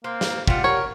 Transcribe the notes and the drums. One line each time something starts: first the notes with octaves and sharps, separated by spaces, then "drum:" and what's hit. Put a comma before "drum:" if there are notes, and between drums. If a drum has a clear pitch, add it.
A#3 C4
drum: snare
G3 F4 F#5, drum: kick
A#4 C#5